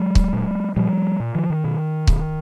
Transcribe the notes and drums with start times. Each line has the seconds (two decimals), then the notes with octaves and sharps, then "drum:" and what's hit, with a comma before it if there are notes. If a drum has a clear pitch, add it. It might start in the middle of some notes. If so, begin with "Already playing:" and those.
Already playing: F#3 G#3
0.15 drum: kick C#1
0.33 A#2
0.76 A#2 F3 G3
1.20 A#2
1.35 D#3 F3
1.50 D#3
1.64 B2
2.07 B2, drum: kick C#1